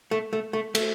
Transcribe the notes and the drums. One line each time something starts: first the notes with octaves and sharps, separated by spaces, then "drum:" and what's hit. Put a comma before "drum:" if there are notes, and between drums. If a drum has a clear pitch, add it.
A3
A3
A3
A3, drum: cymbal